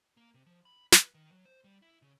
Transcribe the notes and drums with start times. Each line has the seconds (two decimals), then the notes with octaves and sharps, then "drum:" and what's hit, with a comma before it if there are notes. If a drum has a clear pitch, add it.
0.17 A#3
0.34 C3
0.46 F3
0.65 B5
0.92 B4, drum: snare
1.14 D#3
1.32 F#3
1.45 C5
1.64 G3
1.82 E4
2.02 C#3